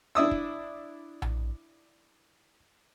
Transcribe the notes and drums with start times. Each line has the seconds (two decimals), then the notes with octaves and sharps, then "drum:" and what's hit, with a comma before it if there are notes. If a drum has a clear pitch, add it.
0.15 D4 E4 D#6 E6
0.31 drum: kick
1.22 drum: tom A#1